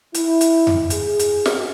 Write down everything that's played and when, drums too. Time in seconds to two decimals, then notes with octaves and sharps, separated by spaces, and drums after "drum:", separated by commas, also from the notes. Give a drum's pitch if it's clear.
0.14 E4, drum: hi-hat
0.41 drum: hi-hat
0.67 drum: tom F2
0.90 G#4, drum: hi-hat
1.19 drum: hi-hat
1.46 drum: snare